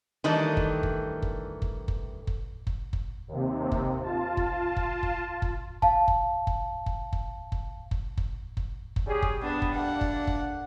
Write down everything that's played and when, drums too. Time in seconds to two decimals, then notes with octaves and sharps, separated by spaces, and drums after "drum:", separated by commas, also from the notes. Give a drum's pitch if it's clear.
0.24 D#3 E3 G3 A3 D4
0.57 drum: kick F#1
0.83 drum: kick F#1
1.22 drum: kick F#1
1.62 drum: kick F#1
1.88 drum: kick F#1
2.27 drum: kick F#1
2.67 drum: kick F#1
2.93 drum: kick F#1
3.28 D#2 C3
3.72 drum: kick F#1
4.03 F4 A5
4.37 drum: kick F#1
4.76 drum: kick F#1
5.03 drum: kick F#1
5.42 drum: kick F#1
5.82 F5 A5, drum: kick F#1
6.08 drum: kick F#1
6.47 drum: kick F#1
6.86 drum: kick F#1
7.13 drum: kick F#1
7.52 drum: kick F#1
7.91 drum: kick F#1
8.17 drum: kick F#1
8.57 drum: kick F#1
8.96 drum: kick F#1
9.07 G3 C#4 G4 G#4
9.22 drum: kick F#1
9.42 B3 D4
9.62 drum: kick F#1
9.75 A3 A#3 D4 F#5
10.01 drum: kick F#1
10.27 drum: kick F#1